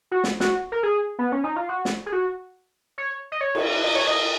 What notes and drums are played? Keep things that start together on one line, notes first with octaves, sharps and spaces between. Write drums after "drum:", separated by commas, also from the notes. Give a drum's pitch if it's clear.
F#4
drum: snare
F#4, drum: snare
A#4
G#4
B3
C#4
D#4
F4
F#4
drum: snare
G#4
F#4
C#5
D#5
C#5
drum: cymbal
D#5
C#5
D#5